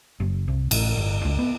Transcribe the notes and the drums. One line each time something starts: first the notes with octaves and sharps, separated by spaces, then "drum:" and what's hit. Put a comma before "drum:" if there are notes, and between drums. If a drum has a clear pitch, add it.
F#1
C2
A1, drum: cymbal
G1
C#2
B3